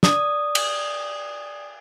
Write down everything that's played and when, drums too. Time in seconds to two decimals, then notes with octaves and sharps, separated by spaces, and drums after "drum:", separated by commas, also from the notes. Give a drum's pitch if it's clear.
0.03 D5 D#6, drum: snare
0.55 drum: cymbal